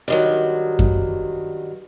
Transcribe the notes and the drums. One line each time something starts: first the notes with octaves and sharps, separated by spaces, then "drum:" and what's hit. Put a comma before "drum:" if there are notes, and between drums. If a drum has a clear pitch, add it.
G2 D#3 F#3
drum: kick F#2